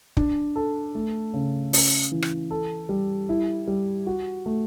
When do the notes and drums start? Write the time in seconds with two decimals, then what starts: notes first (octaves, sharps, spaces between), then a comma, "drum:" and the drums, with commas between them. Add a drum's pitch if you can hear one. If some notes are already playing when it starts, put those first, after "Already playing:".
0.17 D4, drum: kick
0.56 A4
0.95 A3
1.34 C#3
1.73 C#4, drum: open hi-hat
2.11 E3
2.22 drum: rim click
2.51 A4
2.89 G3
3.29 E4
3.67 G3
4.07 F#4
4.46 A3